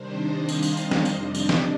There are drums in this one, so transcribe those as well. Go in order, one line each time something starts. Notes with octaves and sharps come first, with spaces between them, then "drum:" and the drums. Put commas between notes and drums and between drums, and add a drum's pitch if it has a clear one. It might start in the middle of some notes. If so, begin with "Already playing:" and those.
Already playing: C3 D#3 G3 D4 C5
D#5
F5, drum: tambourine
drum: tambourine
drum: tambourine
drum: snare
F2 C3 G3 D4 D#5, drum: tambourine
D5, drum: tambourine
drum: snare